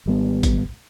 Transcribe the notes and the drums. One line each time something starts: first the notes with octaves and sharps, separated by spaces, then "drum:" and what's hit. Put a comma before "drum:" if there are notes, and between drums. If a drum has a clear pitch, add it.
G#1 G3 B3
drum: kick G#1, hi-hat